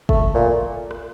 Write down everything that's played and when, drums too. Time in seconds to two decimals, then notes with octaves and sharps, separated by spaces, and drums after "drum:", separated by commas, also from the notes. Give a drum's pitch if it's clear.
0.09 A3, drum: kick
0.34 A#2
0.91 drum: rim click